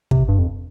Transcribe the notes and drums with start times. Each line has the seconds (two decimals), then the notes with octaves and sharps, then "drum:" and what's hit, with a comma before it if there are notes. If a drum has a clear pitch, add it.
0.11 C3, drum: kick
0.28 G2
0.39 F2